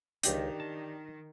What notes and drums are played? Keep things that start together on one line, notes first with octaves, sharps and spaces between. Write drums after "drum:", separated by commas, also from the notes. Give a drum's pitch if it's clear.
C#2 D#3 D4 D#4 G4, drum: hi-hat
A5